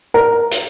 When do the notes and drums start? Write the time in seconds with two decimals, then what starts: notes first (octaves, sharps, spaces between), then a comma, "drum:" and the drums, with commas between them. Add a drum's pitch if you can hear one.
0.14 A#4
0.51 drum: hi-hat